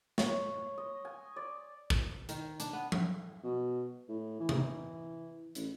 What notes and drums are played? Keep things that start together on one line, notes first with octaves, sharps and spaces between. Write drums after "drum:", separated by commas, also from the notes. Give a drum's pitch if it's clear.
C#5, drum: snare
D#5
G#5
D5
drum: kick
D#3, drum: hi-hat
D4, drum: hi-hat
B3
drum: tom F3
B2
A2
E3
drum: tom C3
A1, drum: hi-hat